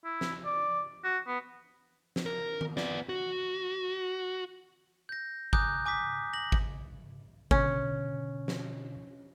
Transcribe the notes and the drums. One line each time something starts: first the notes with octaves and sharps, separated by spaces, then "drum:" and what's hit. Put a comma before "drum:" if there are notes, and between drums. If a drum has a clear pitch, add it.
E4
drum: snare
D5
F#4
B3
drum: snare
A#4
drum: tom D#3
B3 D5, drum: snare
F#4
G6 A#6
G#5 A#5 D6 D#6 F#6 G6, drum: kick G#1
G#5 D6 D#6 B6
A#6 F#7
drum: kick G#1
B2 D3 C#4, drum: kick G#1
drum: snare